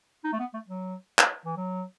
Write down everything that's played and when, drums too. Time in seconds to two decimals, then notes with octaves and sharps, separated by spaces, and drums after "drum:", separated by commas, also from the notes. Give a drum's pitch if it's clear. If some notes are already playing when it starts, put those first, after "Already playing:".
0.25 D#4
0.33 A3
0.40 B3
0.54 A3
0.68 F#3
1.19 drum: clap
1.45 E3
1.57 F#3